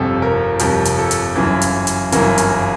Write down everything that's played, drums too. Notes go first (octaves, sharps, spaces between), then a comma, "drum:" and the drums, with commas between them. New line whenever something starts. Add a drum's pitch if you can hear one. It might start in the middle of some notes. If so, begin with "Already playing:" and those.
Already playing: G1 F2 C3 A4
A#4
G1 F2 C3 A#4, drum: hi-hat
drum: hi-hat
A4
drum: hi-hat
G1 F#2 C#3 E3
drum: hi-hat
drum: hi-hat
G1 F#2 C#3 E3 A#4, drum: hi-hat
drum: hi-hat